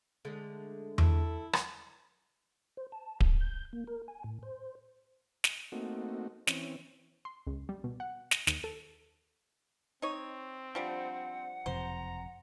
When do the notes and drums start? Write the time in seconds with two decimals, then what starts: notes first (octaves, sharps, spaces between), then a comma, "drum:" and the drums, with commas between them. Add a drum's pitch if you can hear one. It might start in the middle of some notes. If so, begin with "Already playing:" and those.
0.25 D3 G#3 A3
0.98 E4 A4, drum: tom E2
1.53 drum: rim click
2.77 C5
2.92 A5
3.20 D#2, drum: kick D1
3.40 G6
3.73 A#3
3.87 A#4
4.08 G#5
4.24 A2
4.43 C5
5.44 drum: snare
5.72 A3 A#3 C4 D#4 F#4
6.47 E3 C4 C#4, drum: snare
7.25 C6
7.47 C#2
7.69 G3
7.84 B2
8.00 F#5
8.31 A#6, drum: snare
8.47 D#2, drum: snare
8.64 A4
10.02 C4 D#4 C#5
10.75 F3 G3 D4 F#5
11.66 F#1 F2 C3 C5 A#5